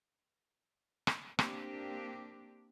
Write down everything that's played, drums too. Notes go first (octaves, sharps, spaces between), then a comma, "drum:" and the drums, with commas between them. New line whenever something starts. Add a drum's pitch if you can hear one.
drum: rim click
A#3 C4 D4 G4, drum: rim click